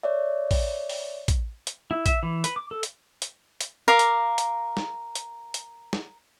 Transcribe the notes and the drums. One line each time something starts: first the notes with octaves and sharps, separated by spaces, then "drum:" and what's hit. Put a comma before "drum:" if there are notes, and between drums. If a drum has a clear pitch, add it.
C#5 D5 E5
drum: kick, open hi-hat
drum: open hi-hat
drum: kick, hi-hat
drum: hi-hat
E4
E5, drum: kick, hi-hat
E3
B4, drum: hi-hat
D6
A4
drum: hi-hat
drum: hi-hat
drum: hi-hat
A#4 F5 D6
drum: hi-hat
drum: hi-hat
drum: snare
drum: hi-hat
drum: hi-hat
drum: snare